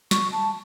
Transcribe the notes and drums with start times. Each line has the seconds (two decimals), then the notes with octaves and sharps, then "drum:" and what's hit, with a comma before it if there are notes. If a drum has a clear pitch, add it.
0.11 C#6, drum: snare
0.32 A5